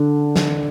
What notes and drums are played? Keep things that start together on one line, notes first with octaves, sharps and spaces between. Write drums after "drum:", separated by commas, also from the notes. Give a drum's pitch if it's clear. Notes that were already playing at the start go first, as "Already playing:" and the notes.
Already playing: D3 D4
drum: snare